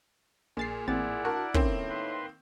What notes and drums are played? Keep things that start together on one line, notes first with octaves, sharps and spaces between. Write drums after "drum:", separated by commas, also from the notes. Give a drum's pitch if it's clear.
A#1 A#2 G#4 A6 C7
A1 C4 E4 D5 F#5 A6
D4 F#4 A#4
A2 D#3 A#3 C4 C#4, drum: kick
B4 C6